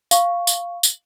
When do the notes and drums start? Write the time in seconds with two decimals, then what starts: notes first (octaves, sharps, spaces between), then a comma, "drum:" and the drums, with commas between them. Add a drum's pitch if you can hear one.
0.11 F5 C#6, drum: tambourine
0.47 drum: tambourine
0.83 drum: tambourine